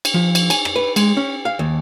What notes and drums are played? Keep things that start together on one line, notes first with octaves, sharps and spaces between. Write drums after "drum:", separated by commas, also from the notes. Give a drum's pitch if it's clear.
drum: cymbal
F3
drum: cymbal
G#5, drum: cymbal
drum: rim click
B4
G#3, drum: cymbal
C#4
F5
D#2